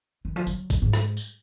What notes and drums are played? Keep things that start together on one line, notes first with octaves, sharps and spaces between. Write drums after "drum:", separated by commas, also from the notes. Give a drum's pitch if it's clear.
D#3
F3
F#3, drum: tambourine
drum: kick, tambourine
G#2
drum: rim click
drum: tambourine